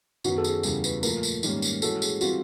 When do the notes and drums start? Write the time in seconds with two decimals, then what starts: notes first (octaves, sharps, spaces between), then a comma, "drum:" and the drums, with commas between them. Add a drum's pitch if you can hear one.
0.24 F#2 D#3 F#3 B3 F#4, drum: tambourine
0.38 A4
0.44 G#4, drum: tambourine
0.63 E2 C#3 E3 G3, drum: tambourine
0.84 B4, drum: tambourine
1.03 A#2 F3 A3 A#4, drum: tambourine
1.23 drum: tambourine
1.43 G#2 D#3 G3 A#3 C#4, drum: tambourine
1.62 drum: tambourine
1.82 E3 G#3 C#4 F#4 A4, drum: tambourine
2.02 G#4, drum: tambourine
2.21 E3 G3 C4 F4 F#4, drum: tambourine